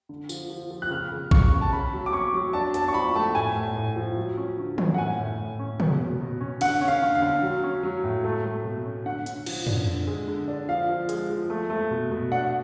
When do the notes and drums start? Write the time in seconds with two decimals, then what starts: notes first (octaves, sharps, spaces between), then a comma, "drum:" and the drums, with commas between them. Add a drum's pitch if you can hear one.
0.09 D3
0.29 F3, drum: tambourine
0.50 F3
0.71 F3
0.82 F#6
0.91 C#3 F6
1.12 C#3
1.31 C#3 C#6, drum: kick A#1
1.52 C#3
1.61 A5
1.72 C#4 B5
1.93 F#3
2.06 D6
2.13 C#4 C#6
2.34 F#3
2.53 D4 A5
2.74 D4 A5, drum: hi-hat
2.88 C#6
2.94 F3 B5
3.15 A3 A5
3.35 A2 G#5
3.56 A2
3.76 A2
3.96 F3
4.17 F#3
4.37 C#4
4.58 D3
4.78 C#4, drum: tom
4.94 F#5
4.98 A2 G#5
5.18 A2
5.39 A2
5.59 C#4
5.80 B2, drum: tom
6.00 B2
6.21 B2
6.41 C#4
6.61 D3 F#5, drum: cymbal
6.81 C#4
6.88 F5
7.02 D3
7.15 F5
7.22 D3
7.43 F#3
7.63 C#4
7.83 F#3
8.03 A2
8.24 A3
8.45 A3
8.65 B2
8.86 C#4
9.05 D3 F#5
9.26 D3, drum: hi-hat
9.46 F3, drum: cymbal
9.67 D4, drum: tom
9.87 D3
10.07 G#3
10.28 D3
10.48 D4
10.69 F3 F5
10.89 F3
11.09 G#3, drum: hi-hat
11.30 F3
11.50 A3
11.70 A3
11.91 B2
12.11 B2
12.31 D4 F#5